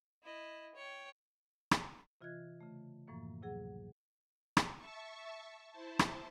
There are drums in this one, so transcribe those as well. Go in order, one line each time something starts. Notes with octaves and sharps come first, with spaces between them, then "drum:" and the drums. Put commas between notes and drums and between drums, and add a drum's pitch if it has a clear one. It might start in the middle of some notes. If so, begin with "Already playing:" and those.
E4 D#5
C#5 G5
drum: rim click
C3 E3 F4 D#5 F#6 G#6
C#3 A3
F#2 A2 E3 F3 A#3
D2 C3 F#3 G#4 F#5
drum: rim click
E5 A5 C#6
E4 C5 A5
drum: rim click